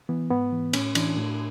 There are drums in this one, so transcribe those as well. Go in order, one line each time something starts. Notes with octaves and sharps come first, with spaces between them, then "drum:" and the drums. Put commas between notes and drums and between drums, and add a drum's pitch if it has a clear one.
E3 B3
G#2 B3
E3
A2 C#4, drum: cymbal
E3 D4, drum: cymbal
A2